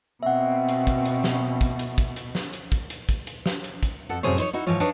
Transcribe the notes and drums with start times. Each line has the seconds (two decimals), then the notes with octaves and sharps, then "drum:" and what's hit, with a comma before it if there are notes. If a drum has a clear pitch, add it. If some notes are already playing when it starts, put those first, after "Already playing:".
0.23 B2 C4 E5 F#5
0.69 drum: hi-hat
0.87 drum: kick, hi-hat
1.05 drum: hi-hat
1.24 drum: snare
1.61 drum: kick, hi-hat
1.79 drum: hi-hat
1.98 drum: kick, hi-hat
2.16 drum: hi-hat
2.35 drum: snare
2.53 drum: hi-hat
2.72 drum: kick, hi-hat
2.90 drum: hi-hat
3.09 drum: kick, hi-hat
3.27 drum: hi-hat
3.46 drum: snare
3.64 drum: hi-hat
3.83 drum: kick, hi-hat
4.09 F2 A4 F#5
4.23 F#2 A2 C3 G#4 C5 C#5
4.38 D#4 C5 C#5, drum: hi-hat
4.53 D#4 E4 F#4
4.67 G#2 E3 F3 F4 C#5
4.80 D4 D#4 B4 C#5 F5